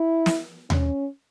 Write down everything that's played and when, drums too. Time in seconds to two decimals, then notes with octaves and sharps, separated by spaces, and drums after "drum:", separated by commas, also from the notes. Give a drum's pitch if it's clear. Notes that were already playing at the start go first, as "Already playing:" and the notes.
Already playing: E4
0.26 drum: snare
0.70 C#4, drum: tom D#2